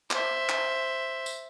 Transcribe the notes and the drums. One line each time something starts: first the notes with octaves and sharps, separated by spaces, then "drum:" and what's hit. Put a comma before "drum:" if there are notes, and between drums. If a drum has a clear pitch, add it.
C5 E5, drum: clap
drum: clap
drum: tambourine